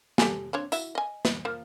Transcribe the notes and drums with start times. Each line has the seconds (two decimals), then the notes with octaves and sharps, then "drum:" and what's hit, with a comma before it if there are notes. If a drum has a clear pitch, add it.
0.18 G4 A4 G#5, drum: snare
0.53 C4 D4 C#5
0.72 E4 F#4 E5, drum: tambourine
0.95 D#5 G#5
1.25 drum: snare
1.45 F3 A#3